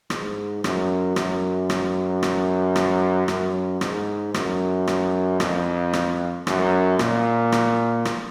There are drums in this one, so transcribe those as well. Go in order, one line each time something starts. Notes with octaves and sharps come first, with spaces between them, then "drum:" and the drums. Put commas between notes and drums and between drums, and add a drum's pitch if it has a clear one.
G#2, drum: rim click
F#2, drum: rim click
F#2, drum: rim click
drum: rim click
drum: rim click
drum: rim click
F#2, drum: rim click
G#2, drum: rim click
F#2, drum: rim click
drum: rim click
F2, drum: rim click
drum: rim click
F#2, drum: rim click
A#2, drum: rim click
drum: rim click
drum: rim click